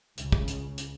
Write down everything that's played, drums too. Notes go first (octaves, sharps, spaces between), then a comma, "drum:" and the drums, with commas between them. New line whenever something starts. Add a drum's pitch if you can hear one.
C#2 C#3, drum: hi-hat
drum: kick
drum: hi-hat
drum: hi-hat